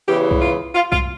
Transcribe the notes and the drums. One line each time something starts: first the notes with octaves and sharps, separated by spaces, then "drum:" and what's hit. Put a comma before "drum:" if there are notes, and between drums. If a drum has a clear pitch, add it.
E2 C#3 E3 G4
drum: kick C2
F4
F4
F4, drum: kick C2